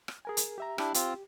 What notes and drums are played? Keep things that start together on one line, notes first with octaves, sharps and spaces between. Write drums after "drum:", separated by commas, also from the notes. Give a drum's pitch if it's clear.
drum: rim click
G#4 A#4 G#5
drum: hi-hat
G4 E5 A#5
D4 E4 G4, drum: rim click
C4 F4, drum: hi-hat